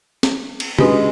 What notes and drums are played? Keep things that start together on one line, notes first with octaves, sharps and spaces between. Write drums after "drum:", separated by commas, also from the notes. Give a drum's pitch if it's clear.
drum: snare
drum: cymbal
G#3 C#4 D4 F#4 G4 B4, drum: tom